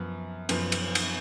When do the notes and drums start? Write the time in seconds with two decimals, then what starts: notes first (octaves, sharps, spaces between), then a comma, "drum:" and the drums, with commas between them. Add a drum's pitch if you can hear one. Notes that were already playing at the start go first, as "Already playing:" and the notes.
Already playing: F#2 F3 B3
0.49 F#2 F3 B3, drum: cymbal
0.72 drum: cymbal
0.95 drum: cymbal